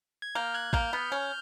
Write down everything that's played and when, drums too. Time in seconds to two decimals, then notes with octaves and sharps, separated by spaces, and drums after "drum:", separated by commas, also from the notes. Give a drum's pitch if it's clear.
0.22 G#6
0.35 A#3 F6 G6
0.54 F#6 G#6
0.73 A#3 F6 G6, drum: kick
0.93 B3
1.12 C#4